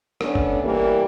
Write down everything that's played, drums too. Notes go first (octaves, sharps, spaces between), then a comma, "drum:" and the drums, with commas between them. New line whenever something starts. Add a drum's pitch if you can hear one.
A3 B3 C#4 D4, drum: rim click
drum: kick
E3 G3 A#3